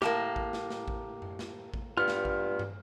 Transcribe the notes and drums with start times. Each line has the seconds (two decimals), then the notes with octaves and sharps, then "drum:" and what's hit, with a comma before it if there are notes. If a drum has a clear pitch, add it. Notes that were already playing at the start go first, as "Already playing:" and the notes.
0.02 A2 A#3 G4 A5, drum: snare
0.36 drum: kick A1
0.53 drum: snare
0.70 drum: snare
0.88 drum: kick A1
1.22 drum: tom F#2
1.39 drum: snare
1.74 drum: kick A1
1.97 G2 G3 B3 F4 F6
2.08 drum: snare
2.25 drum: kick A1
2.59 drum: tom